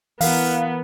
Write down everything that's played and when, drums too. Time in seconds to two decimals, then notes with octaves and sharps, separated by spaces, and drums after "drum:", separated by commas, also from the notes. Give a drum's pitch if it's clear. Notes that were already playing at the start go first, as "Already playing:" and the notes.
0.21 E3 B3 A#4 F5 F#5, drum: open hi-hat